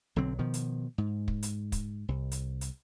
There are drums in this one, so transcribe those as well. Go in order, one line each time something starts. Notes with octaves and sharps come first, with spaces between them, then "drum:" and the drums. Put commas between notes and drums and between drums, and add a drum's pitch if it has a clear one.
B1 D3 F#3 C4
B2 D#3 F3
drum: hi-hat
G#2
drum: kick
drum: hi-hat
drum: kick, hi-hat
C2
drum: hi-hat
drum: hi-hat